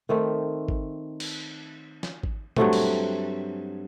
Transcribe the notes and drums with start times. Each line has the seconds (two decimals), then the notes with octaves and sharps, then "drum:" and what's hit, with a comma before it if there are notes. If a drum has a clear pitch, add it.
0.09 D#3 A3 C4
0.68 drum: kick G#1
1.20 drum: cymbal
2.03 drum: snare
2.23 drum: kick G#1
2.56 G2 F#3 A3 C4, drum: tom
2.73 drum: cymbal